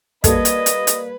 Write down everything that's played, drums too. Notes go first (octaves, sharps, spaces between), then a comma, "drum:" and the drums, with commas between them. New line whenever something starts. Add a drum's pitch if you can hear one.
G3 A#3 A4 B4 D#5 G#6, drum: kick, hi-hat
drum: hi-hat
drum: hi-hat
drum: hi-hat